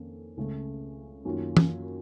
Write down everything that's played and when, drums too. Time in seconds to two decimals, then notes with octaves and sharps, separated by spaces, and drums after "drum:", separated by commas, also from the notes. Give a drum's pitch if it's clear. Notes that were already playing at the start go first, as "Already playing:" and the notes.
Already playing: F2 D#3 A#3 C#4 A4
0.37 C#2 C#3 A3
1.25 F#2 D#3 A#3 C#4 F4
1.57 drum: tom